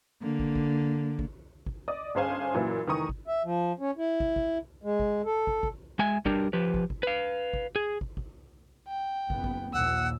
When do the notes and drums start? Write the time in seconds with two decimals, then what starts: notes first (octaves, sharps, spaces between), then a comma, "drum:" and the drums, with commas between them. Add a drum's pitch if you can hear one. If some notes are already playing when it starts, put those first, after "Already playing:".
0.21 D3 A#3
0.40 drum: kick
0.55 drum: kick
1.19 drum: kick
1.66 drum: kick
1.88 D5 D#5 D#6
2.15 G1 C#4 G#4 C5 F5 G#5
2.54 F#2 A#2 E3 F#3 E4
2.87 F1 D#3 E3 A#5 C#6 D#6
3.09 drum: kick
3.27 E5
3.44 F3
3.80 C#4
3.97 E4
4.20 drum: kick
4.36 drum: kick
4.84 G#3
5.00 drum: kick
5.25 A4
5.47 drum: kick
5.63 drum: kick
5.99 G#3 E5 G#5
6.25 G3 D4 G4 A#4, drum: kick
6.53 F3 G4 B4
6.74 drum: kick
6.90 drum: kick
7.03 B4 F5
7.54 drum: kick
7.76 G#4
8.01 drum: kick
8.17 drum: kick
8.88 G5
9.30 F#1 B3, drum: kick
9.44 drum: kick
9.74 A#1 D#2 F#5 E6